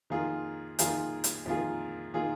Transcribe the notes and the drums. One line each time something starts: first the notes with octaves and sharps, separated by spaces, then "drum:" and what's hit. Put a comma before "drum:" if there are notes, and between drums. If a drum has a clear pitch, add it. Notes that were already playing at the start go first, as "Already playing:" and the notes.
F2 D#3 A#3 F4 G#4
F2 D#3 A#3 F4 G#4, drum: hi-hat
drum: hi-hat
F2 D#3 A#3 F4 G#4
D#3 A#3 F4 G#4